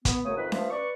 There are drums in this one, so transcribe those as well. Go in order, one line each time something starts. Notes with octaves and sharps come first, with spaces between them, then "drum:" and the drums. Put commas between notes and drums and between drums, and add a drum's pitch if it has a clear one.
B3, drum: kick, hi-hat
F#2 C#3 A3 C#5 D#6
F2 D#3 B4
G2 F3 A3 C5 E5, drum: snare C#4
B4 D5 C#6